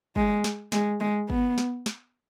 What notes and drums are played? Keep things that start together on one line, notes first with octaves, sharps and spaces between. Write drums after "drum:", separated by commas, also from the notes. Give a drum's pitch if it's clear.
G#3, drum: kick
drum: snare
G#3, drum: snare
G#3
B3, drum: kick
drum: snare
drum: snare